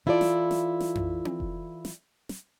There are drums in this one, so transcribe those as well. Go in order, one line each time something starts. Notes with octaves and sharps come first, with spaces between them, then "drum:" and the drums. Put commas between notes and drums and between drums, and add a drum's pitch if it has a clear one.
E3 E4 F4 A4 C#5 D5
drum: snare
drum: snare
drum: snare
drum: tom F2
drum: tom C4
drum: kick F1
drum: snare
drum: snare